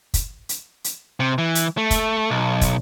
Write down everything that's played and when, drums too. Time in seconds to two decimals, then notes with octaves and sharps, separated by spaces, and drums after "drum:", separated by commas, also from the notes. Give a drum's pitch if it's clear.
0.14 drum: kick, hi-hat
0.49 drum: hi-hat
0.84 drum: hi-hat
1.20 C3
1.38 E3
1.55 drum: hi-hat
1.77 A3
1.91 drum: kick, hi-hat
2.30 B1
2.61 drum: kick, hi-hat